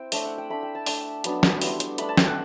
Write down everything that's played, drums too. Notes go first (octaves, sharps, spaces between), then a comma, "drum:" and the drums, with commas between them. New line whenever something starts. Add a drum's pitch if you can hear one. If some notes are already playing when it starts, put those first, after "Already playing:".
Already playing: C4 E4 G5
A3 D4 E5, drum: open hi-hat
F#5
G5
A3 D4 B5
G5
A5
A3 D4, drum: open hi-hat
F#3 B3 D4, drum: hi-hat
drum: snare
G3 B3 E4 C6, drum: open hi-hat
drum: hi-hat
A3 D4 B5, drum: hi-hat
A5
G5, drum: snare
F#5